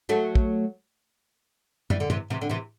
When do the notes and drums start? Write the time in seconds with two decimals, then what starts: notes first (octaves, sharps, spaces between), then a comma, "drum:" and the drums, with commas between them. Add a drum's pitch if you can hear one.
0.09 F#3 A3
0.35 drum: kick
1.90 E3 G3, drum: tom
2.00 D3
2.10 C3 E3, drum: tom
2.30 C3 E3
2.41 D3
2.50 C3 E3